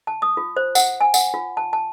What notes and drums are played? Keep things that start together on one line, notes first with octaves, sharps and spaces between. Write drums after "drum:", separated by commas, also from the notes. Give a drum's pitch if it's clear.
A5
D#6
F4
C5
F#5, drum: tambourine
G#5
F#5, drum: tambourine
F4
A5
A5